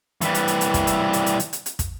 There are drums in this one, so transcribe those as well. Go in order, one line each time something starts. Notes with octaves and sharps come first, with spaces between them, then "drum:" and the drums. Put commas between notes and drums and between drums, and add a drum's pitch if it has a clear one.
E3 G3, drum: hi-hat
drum: hi-hat
drum: hi-hat
drum: hi-hat
drum: kick, hi-hat
drum: hi-hat
drum: hi-hat
drum: hi-hat
drum: hi-hat
drum: hi-hat
drum: hi-hat
drum: kick, hi-hat